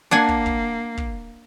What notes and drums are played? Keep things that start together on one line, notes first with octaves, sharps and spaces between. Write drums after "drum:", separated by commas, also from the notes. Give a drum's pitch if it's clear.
A#3 D4 F#5 G#5
drum: kick
drum: kick
drum: kick